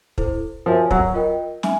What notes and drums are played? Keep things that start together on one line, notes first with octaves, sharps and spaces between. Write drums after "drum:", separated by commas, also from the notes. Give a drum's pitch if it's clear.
E4 A4 C5, drum: kick
F3 F#4 A#4 C#5 E5 G#5
F#3, drum: kick
F4 A#4 D#5 G5
E5 G#5, drum: snare